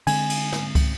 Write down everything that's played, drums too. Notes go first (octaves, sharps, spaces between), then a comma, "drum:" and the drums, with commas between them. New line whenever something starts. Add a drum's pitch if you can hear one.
D3 G#3 C4 G#5, drum: cymbal
drum: cymbal
drum: snare
drum: kick, cymbal